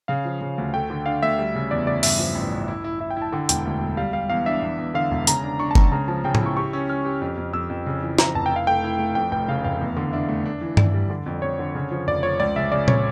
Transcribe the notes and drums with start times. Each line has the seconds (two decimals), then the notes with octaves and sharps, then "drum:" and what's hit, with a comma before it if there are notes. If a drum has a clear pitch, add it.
0.08 C#3 F5
0.25 F3
0.41 C#3
0.58 D2
0.74 A3 G5
0.90 D3
1.06 D4 F5
1.23 D2 E5
1.38 G3
1.55 C#3
1.71 E2 D5
1.87 C#3 D5
2.03 G2 E5, drum: open hi-hat
2.19 F3
2.35 A1
2.52 A1
2.68 E4
2.84 E4
3.00 E4 E5
3.11 G5
3.16 E4
3.22 A5
3.32 D3 G5
3.49 E1 G5, drum: hi-hat
3.65 D2
3.81 E1
3.97 G3 F5
4.13 G3 F5
4.30 E2 F5
4.46 D4 E5
4.62 E2
4.78 E2
4.94 D3 F5
5.11 E1
5.27 C#3 A#5, drum: hi-hat
5.43 D4
5.59 D4 C#6
5.71 A5
5.75 C#2 A#5, drum: kick
5.92 C#3 A#5
6.08 F3 A5
6.24 C#3 G5
6.35 A5, drum: tom A2
6.41 E4
6.46 C#6
6.57 G4 C#6
6.73 C#4 E6
6.89 C#4 F6
7.05 G4
7.21 F2
7.37 F2
7.53 F2 E6
7.70 F2
7.86 C#3
8.02 E3
8.19 F2 A#5, drum: snare
8.35 F1 A5
8.46 G5
8.51 E4 F5
8.67 A3 G5
8.84 E4
8.99 A3
9.15 F2 G5
9.31 F1 G5
9.48 C#3 F5
9.64 F1 F5
9.81 E2
9.97 D3
10.12 D4 E5
10.29 A3
10.46 D4
10.61 E3
10.77 E3 D5, drum: tom G2
10.94 G3
11.10 D3
11.26 F2
11.42 F2 C#5
11.59 D3
11.75 C#3
11.91 F3
12.07 F1 D5
12.23 F3 C#5
12.40 C#2 D5
12.56 C#3 E5
12.72 C#3 D5
12.88 C#5, drum: tom A#2